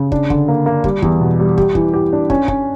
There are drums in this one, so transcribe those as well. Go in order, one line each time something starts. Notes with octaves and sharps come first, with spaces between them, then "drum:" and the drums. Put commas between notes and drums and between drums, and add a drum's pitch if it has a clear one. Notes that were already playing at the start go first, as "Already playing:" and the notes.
Already playing: C#3
D4, drum: kick
D3, drum: kick
A#3
A#3
G3, drum: kick
E2, drum: kick
B2
G3
G4, drum: kick
E3, drum: kick
G4
D4
C#4, drum: kick
C#4, drum: kick